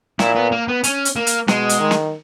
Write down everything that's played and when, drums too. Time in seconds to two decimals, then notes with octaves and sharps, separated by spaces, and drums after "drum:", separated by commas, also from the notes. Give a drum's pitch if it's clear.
0.19 A#2 E4, drum: snare
0.36 B3
0.52 A#3
0.68 B3
0.84 C#4, drum: hi-hat
1.05 drum: hi-hat
1.16 A#3
1.27 drum: hi-hat
1.48 B2 G#3, drum: snare
1.69 drum: hi-hat
1.80 D#3
1.91 drum: snare